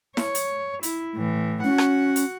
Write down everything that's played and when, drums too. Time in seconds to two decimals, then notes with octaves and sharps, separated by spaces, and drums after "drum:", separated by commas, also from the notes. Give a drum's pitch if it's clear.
0.17 C#5, drum: snare E4
0.35 drum: hi-hat
0.83 E4, drum: hi-hat
1.15 A2 E3
1.64 C#4 F#4 F#5
1.78 drum: rim click
2.16 drum: hi-hat